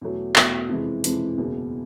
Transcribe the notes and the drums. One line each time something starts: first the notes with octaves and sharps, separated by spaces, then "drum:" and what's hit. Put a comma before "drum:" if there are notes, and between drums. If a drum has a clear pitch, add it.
E2 B2 F#3 A3
E2 B2 F#3 A3, drum: clap
F2 C3 E3 G#3
F2 C3 E3 G#3, drum: hi-hat
F#1 E2 B2 G#3